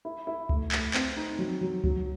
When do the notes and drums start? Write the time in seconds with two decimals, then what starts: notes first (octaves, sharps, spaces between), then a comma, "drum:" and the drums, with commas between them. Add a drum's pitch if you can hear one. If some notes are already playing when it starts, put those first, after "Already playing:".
0.05 E4
0.27 E4
0.49 A3, drum: kick C#2
0.72 A3, drum: clap
0.94 C4, drum: clap
1.17 D#4
1.39 F#3
1.61 F#3
1.84 F#3, drum: kick C#2